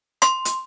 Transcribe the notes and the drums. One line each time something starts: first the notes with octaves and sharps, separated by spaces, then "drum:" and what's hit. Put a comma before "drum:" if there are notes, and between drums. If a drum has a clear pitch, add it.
C6, drum: rim click
drum: hi-hat